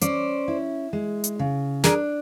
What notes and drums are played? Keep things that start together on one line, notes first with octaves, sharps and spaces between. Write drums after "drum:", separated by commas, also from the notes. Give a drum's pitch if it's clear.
C#4 C5 D5, drum: hi-hat
E4
G#3
drum: hi-hat
C#3
D4 G#4 A#4, drum: snare